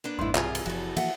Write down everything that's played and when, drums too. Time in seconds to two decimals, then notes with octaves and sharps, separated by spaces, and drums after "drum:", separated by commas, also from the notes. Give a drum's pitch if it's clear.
0.04 A#3 B3 D4
0.19 G#1 F2 G#2 E4 C6
0.35 B1 G2 C3 E3 F4 G#4 A#4, drum: clap
0.55 drum: cymbal
0.66 F#1 F3 F#4 A4
0.97 E3 F3 A#3 E5 F#5, drum: cymbal